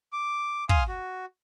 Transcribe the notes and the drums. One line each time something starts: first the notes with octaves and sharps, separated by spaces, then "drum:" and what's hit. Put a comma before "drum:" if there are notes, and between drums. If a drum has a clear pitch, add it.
D6
F5 G#5 C6 D#6 F6, drum: kick
F#4